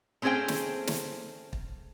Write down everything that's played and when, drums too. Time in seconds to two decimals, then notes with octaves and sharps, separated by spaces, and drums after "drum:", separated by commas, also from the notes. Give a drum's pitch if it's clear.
0.22 A3 C4 C#4 G#4 C5 G5
0.48 drum: snare
0.87 drum: snare
1.53 drum: kick